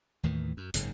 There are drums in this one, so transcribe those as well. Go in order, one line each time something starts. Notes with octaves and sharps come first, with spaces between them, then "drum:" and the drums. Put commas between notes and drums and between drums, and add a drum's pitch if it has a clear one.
D#2 A2 D#3 E3
F#2
F#1 G#2 C#3, drum: hi-hat